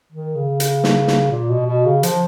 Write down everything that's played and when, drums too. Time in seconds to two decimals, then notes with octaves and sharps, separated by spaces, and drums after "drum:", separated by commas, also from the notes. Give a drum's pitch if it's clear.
0.12 D#3
0.35 C#3
0.60 drum: hi-hat
0.84 drum: snare
1.07 drum: snare
1.31 A#2
1.49 B2
1.66 B2
1.85 C#3
2.03 F3, drum: hi-hat